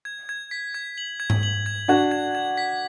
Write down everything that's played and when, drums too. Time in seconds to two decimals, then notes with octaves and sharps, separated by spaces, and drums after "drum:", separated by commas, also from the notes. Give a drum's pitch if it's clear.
0.05 G#6
0.29 G#6
0.51 B6
0.74 G#6
0.98 F#7
1.20 G#6
1.30 drum: tom G#2
1.43 F#7
1.66 G#6
1.88 D4 F#4 G#6
2.12 G#6
2.35 G#6
2.57 B6